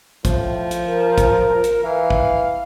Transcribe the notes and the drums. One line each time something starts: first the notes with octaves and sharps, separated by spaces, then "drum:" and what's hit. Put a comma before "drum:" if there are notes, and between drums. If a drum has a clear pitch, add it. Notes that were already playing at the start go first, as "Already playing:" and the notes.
A2 F3, drum: kick, hi-hat
drum: hi-hat
A#4
drum: kick, hi-hat
drum: hi-hat
E3 F5
drum: kick